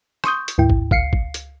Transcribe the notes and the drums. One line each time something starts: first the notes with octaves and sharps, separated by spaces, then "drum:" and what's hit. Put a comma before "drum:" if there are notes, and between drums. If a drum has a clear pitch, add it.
C6 C#6 D#6 G6, drum: rim click
drum: hi-hat
D2 G#2 E4 G5
drum: kick
C#2 F5 C7 C#7, drum: kick
drum: kick
drum: hi-hat